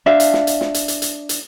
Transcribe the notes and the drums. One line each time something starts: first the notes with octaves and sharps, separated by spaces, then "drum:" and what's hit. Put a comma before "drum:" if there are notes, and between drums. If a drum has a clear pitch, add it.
D4 E5 F5
drum: hi-hat
drum: snare
drum: hi-hat
drum: snare
drum: hi-hat
drum: hi-hat
drum: hi-hat
drum: hi-hat